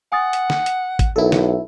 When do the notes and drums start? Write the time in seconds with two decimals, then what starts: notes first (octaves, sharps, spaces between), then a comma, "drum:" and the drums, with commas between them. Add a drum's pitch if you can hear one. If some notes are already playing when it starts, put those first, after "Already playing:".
0.12 F#5 G#5 D#6 A6
0.33 drum: hi-hat
0.50 drum: snare
0.66 drum: hi-hat
0.99 drum: kick G#1, hi-hat
1.16 B1 E4 A4 A#4
1.32 drum: snare